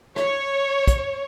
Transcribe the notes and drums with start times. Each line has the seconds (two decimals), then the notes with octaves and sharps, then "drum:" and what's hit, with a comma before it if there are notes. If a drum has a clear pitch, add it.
0.16 C#5, drum: rim click
0.87 drum: kick, hi-hat